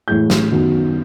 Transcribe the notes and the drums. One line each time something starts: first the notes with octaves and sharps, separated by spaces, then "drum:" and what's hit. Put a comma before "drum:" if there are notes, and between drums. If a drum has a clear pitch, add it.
A2 E3 G#3 G6
drum: snare
F#2 D#3 F#3 B3